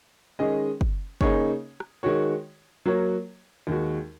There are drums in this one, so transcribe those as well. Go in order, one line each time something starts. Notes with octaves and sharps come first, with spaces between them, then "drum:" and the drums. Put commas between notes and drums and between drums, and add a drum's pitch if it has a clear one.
D#3 G#3 C#4 G#4 D#5
drum: kick
C#3 A#3 D#4 G#4 C#5, drum: kick
drum: rim click
D#3 G#3 F#4 C#5
F#3 A#3 F#4 A#4 C#5
D#2 D#3 G#3 F#4